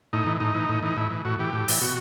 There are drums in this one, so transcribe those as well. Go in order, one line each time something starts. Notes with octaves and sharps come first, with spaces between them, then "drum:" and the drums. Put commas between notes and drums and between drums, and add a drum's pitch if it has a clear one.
A2 D#4
E3
A2 D#4
E3
A2
E3 D#4
A2 E4
E3
A2 F#4
E3 G4
A2
E3, drum: open hi-hat
B2 F#4